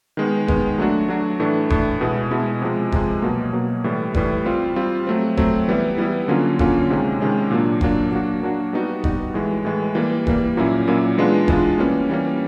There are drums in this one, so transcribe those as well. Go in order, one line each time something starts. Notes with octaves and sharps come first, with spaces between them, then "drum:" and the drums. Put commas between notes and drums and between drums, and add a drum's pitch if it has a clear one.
D#3 G#3 B3
D#3 G#3 B3, drum: kick F1
F#3 A3 D4 F#4
F#3 A3 D4 F#4
A2 E3 A3 D4
A2 E3 A3 D4, drum: kick F1
B2 G#3 B3 E4
B2 G#3 B3 E4
C3 F3 G#3
C3 F3 G#3, drum: kick F1
B2 F#3 A#3
B2 F#3 A#3
A2 E3 G3
A2 E3 G3, drum: kick F1
G3 C4 F4
G3 C4 F4
F#3 A3 C4
F#3 A3 C4, drum: kick F1
E3 G3 B3 E4
E3 G3 B3 E4
D3 F#3 A#3 C#4 F4
D3 F#3 A#3 C#4 F4, drum: kick F1
C3 D#3 G#3 C#4
C3 D#3 G#3 C#4
A#2 F#3 A#3 D4
A#2 F#3 A#3 D4, drum: kick F1
F#3 A#3 D4 F#4
F#3 A#3 D4 F#4
G3 B3 D#4 F#4
G3 B3 D#4 F#4, drum: kick F1
A2 E3 G#3
A2 E3 G#3
E3 G3 A#3
E3 G3 A#3, drum: kick F1
A#2 F#3 A#3 C#4 E4
A#2 F#3 A#3 C#4 E4
E3 G#3 B3 D4 F4
E3 G#3 B3 D4 F4, drum: kick F1
E3 G3 A#3 C#4
E3 G3 A#3 C#4